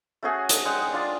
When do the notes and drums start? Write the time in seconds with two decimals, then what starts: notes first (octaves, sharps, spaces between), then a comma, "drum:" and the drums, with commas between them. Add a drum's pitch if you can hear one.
0.23 A3 C#4 F#4 G#4
0.49 A4 D#5, drum: hi-hat
0.65 G#3 G#4 F#5 G5
0.92 D4 F4 D5